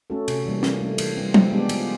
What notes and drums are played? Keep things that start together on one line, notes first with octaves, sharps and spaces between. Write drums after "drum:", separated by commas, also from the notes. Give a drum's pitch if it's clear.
A3 C#4 F#4 A4
C3, drum: cymbal
E3 G3 A#3
F3, drum: snare
A3 D4
E3, drum: cymbal
G3 C4
F3, drum: tom F#3
G#3 B3 D4 G4
F3, drum: cymbal